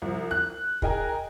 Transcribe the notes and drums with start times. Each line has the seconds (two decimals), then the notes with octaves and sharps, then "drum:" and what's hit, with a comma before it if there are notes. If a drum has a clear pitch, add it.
0.02 C2 F3
0.31 F#6
0.82 G#4 A#4 D#5 G5 G#5 A#5, drum: kick